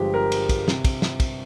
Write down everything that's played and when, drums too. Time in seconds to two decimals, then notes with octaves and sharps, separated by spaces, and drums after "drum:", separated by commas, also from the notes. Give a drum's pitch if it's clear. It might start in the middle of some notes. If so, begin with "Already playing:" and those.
Already playing: G1 G2 F3 G#3 G4
0.14 A#4
0.32 drum: cymbal
0.49 drum: kick, cymbal
0.68 C3, drum: snare
0.85 drum: kick, cymbal
1.02 drum: snare
1.20 drum: kick, cymbal